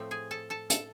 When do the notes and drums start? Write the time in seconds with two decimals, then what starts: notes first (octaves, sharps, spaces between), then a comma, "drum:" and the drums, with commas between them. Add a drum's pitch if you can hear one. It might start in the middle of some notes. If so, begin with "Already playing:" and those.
Already playing: A2 F3 A3 C4
0.11 G#4 G#5
0.31 A4 A5
0.50 A4 A5
0.70 A4 A5, drum: hi-hat